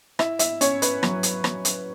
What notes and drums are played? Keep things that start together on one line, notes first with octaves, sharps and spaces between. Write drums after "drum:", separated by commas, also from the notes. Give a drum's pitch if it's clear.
E4 E5, drum: rim click
E5, drum: hi-hat
C#4 C#5, drum: hi-hat
B4, drum: hi-hat
F#3, drum: rim click
drum: hi-hat
F#3, drum: rim click
drum: hi-hat